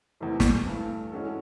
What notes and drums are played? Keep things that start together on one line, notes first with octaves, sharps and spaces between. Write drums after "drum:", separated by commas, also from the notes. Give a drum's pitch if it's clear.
E2 C3 E3 A3
drum: snare
G2 E3 A3
E3 G#3 C#4 F#4 A4